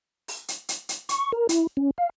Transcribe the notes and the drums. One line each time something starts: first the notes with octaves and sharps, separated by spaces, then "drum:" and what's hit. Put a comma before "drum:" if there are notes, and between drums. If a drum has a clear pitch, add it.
drum: open hi-hat
drum: hi-hat
drum: hi-hat
drum: hi-hat
C#6, drum: hi-hat
A#4
E4, drum: hi-hat
C#4
F5